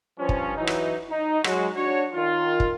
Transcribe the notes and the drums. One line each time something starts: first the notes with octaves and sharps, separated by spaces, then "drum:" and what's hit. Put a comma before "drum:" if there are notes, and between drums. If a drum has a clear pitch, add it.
G2 F3 C#4
drum: kick
E3 F#3 D#4
drum: rim click
D#4
F#3 G#3 F#4, drum: rim click
D4 F#4 C#5
D#3 F4
drum: kick